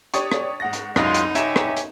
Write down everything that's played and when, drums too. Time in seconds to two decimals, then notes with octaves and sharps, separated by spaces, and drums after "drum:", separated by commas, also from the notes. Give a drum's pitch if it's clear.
0.14 D4 G4 C#5 C#6 D#6, drum: hi-hat
0.32 drum: rim click
0.60 G#2 F#5 A#6
0.73 drum: hi-hat
0.96 C2 F#2 G#3 D#4 F4 A#6, drum: rim click
1.14 drum: hi-hat
1.35 C#4 G4 E5 A#5 E7, drum: hi-hat
1.56 drum: rim click
1.77 drum: hi-hat